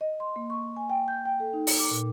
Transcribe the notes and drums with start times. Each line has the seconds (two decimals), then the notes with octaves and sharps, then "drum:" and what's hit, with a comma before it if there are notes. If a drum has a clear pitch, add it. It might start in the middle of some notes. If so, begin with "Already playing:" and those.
0.01 D#5
0.20 C6
0.36 A#3
0.50 C#6
0.76 G#5
0.90 G5
1.08 G6
1.26 G5
1.40 A4
1.53 D#4
1.67 drum: open hi-hat
1.79 D6
1.91 A#2